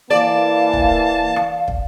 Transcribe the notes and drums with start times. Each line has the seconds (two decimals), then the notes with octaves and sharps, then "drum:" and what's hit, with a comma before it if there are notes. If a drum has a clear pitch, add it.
0.10 E3 A#3 D5 F5 A5
0.73 drum: kick
1.36 drum: rim click
1.68 drum: kick